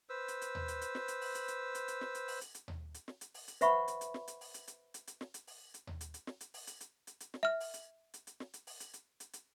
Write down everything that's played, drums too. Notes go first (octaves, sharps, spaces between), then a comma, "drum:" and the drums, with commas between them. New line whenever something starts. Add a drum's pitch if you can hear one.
B4 C5 E6
drum: hi-hat
drum: hi-hat
drum: tom D#2
drum: hi-hat
drum: hi-hat
drum: snare
drum: hi-hat
drum: open hi-hat
drum: hi-hat
drum: hi-hat
drum: hi-hat
drum: hi-hat
drum: snare
drum: hi-hat
drum: open hi-hat
drum: hi-hat
drum: hi-hat
drum: tom D#2
drum: hi-hat
drum: snare
drum: hi-hat
drum: open hi-hat
drum: hi-hat
B4 C5 E5 F#5 B5 C#6, drum: hi-hat
drum: hi-hat
drum: hi-hat
drum: snare
drum: hi-hat
drum: open hi-hat
drum: hi-hat
drum: hi-hat
drum: hi-hat
drum: hi-hat
drum: snare
drum: hi-hat
drum: open hi-hat
drum: hi-hat
drum: tom D#2
drum: hi-hat
drum: hi-hat
drum: snare
drum: hi-hat
drum: open hi-hat
drum: hi-hat
drum: hi-hat
drum: hi-hat
drum: hi-hat
drum: snare
E5 F6
drum: open hi-hat
drum: hi-hat
drum: hi-hat
drum: hi-hat
drum: snare
drum: hi-hat
drum: open hi-hat
drum: hi-hat
drum: hi-hat
drum: hi-hat
drum: hi-hat